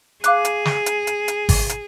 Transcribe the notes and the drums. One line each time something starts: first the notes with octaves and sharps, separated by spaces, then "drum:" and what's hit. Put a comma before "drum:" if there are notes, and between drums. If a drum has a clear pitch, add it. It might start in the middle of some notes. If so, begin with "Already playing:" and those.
G#4 F5 D6 F#6, drum: hi-hat
drum: hi-hat
drum: snare
drum: hi-hat
drum: hi-hat
drum: hi-hat
drum: kick G#1, open hi-hat
drum: hi-hat